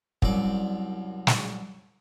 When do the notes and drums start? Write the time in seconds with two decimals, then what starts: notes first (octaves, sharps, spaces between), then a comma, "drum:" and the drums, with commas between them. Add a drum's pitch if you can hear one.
0.22 C2 F#2 D5, drum: kick
1.27 drum: snare